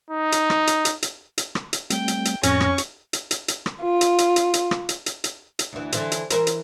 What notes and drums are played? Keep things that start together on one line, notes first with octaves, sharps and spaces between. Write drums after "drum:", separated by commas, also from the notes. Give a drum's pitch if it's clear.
D#4
drum: hi-hat
drum: rim click
drum: hi-hat
drum: hi-hat
drum: hi-hat
drum: hi-hat
drum: rim click
drum: hi-hat
G3 A3 C4 G5, drum: hi-hat
drum: hi-hat
drum: hi-hat
F2 A2 C#4 C#6 F6 A#6, drum: hi-hat
drum: rim click
drum: hi-hat
drum: hi-hat
drum: hi-hat
drum: hi-hat
drum: rim click
F4
drum: hi-hat
drum: hi-hat
drum: hi-hat
drum: hi-hat
drum: rim click
drum: hi-hat
drum: hi-hat
drum: hi-hat
drum: hi-hat
D2 E3
D3 E3 C4, drum: hi-hat
drum: hi-hat
E3 A#4 C5, drum: hi-hat
drum: hi-hat